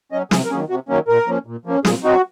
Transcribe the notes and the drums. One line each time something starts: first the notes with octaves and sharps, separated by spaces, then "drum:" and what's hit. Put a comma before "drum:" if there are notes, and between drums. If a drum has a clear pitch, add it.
F#3 C#4 D#5
C3 G#4, drum: snare
A#4
D#3 F#3 A#3 C#4 G#4
C3 F#4
D#3 F#3 A#3 C#4
A#2 A#4
F3 A#3 C#4
A#2
F3 A#3 C#4
A#2 G#4, drum: snare
F#3 C4 D#4 F#4